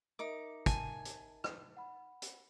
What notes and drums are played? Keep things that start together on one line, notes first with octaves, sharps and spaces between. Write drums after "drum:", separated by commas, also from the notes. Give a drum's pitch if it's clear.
D#4 A#4 E5 D6
G#5 A5, drum: kick, hi-hat
drum: hi-hat
drum: rim click
F#5 B5
drum: hi-hat